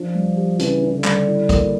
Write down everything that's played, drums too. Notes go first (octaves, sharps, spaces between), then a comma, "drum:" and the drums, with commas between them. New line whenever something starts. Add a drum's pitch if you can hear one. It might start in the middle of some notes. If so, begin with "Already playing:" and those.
Already playing: F3 D4
G3
G4
C#3 E3, drum: hi-hat
D4
D3
G3, drum: clap
E4
A#3, drum: kick, hi-hat